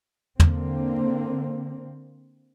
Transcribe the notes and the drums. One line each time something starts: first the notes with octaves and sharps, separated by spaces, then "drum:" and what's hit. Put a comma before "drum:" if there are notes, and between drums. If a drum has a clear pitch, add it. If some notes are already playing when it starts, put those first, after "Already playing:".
D3 A#3 C4, drum: tom